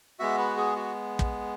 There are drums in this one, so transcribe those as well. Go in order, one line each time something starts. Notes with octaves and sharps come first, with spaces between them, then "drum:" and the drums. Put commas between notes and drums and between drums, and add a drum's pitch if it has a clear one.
G#3 B3 F#4 E5
B4
G#4
F#4
drum: kick